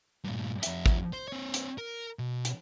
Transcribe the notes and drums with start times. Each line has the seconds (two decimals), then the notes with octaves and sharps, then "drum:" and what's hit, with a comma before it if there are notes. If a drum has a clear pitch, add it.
0.24 G2 A#2
0.63 F2 E5, drum: hi-hat
0.86 drum: kick
1.13 C5
1.28 C4 C#5
1.54 drum: hi-hat
1.78 A#4
2.19 B2
2.45 drum: hi-hat